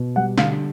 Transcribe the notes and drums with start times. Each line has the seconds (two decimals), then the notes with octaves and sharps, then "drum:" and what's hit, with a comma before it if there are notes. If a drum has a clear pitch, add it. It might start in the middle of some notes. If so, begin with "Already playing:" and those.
Already playing: B2
0.16 G3 F#5
0.38 D3 F5, drum: snare